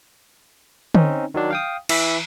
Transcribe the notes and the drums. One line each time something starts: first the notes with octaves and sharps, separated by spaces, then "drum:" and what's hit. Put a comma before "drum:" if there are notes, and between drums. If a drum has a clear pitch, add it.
C4 C#4 D#4, drum: tom D3
D#3 F#3 D4
F5 G5 D#6
E3 E5 B5, drum: cymbal